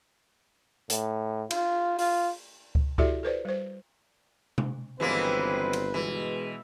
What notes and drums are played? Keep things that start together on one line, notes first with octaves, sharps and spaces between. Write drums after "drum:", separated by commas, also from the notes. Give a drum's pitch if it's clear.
A2, drum: hi-hat
F4, drum: cymbal
F4, drum: open hi-hat
drum: kick C#2
E4 F#4 G4 A4 D5 E5, drum: kick C#2
A4 B4 C5 D5
G3 C5
drum: tom C3
G1 D#3 E3 F#3 G#3 A#3 C4 B4
drum: cymbal
B2 E3 G#3